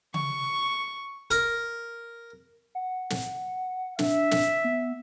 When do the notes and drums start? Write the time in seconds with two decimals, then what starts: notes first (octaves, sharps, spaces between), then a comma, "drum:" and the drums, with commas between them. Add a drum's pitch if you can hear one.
0.14 C#6, drum: tom C#3
1.31 A#4, drum: hi-hat
2.75 F#5
3.10 drum: snare
3.99 D4 E5, drum: snare
4.31 drum: snare
4.64 B3